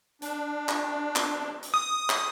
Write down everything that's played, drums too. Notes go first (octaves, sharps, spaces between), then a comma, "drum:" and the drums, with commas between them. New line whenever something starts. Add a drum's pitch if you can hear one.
D4, drum: hi-hat
drum: clap
drum: clap
drum: hi-hat
D#6
drum: clap